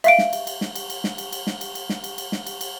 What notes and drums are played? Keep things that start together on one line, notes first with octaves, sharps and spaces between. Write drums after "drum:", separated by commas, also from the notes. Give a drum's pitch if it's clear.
E5 F5 D7, drum: cymbal
drum: snare
drum: cymbal
drum: cymbal
drum: snare
drum: cymbal
drum: cymbal
drum: snare
drum: cymbal
drum: cymbal
drum: snare
drum: cymbal
drum: cymbal
drum: snare
drum: cymbal
drum: cymbal
drum: snare
drum: cymbal
drum: cymbal